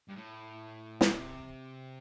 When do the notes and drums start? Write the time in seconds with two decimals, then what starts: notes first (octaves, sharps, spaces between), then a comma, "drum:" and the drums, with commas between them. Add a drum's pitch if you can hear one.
0.08 G2
0.15 A2
1.01 C3, drum: snare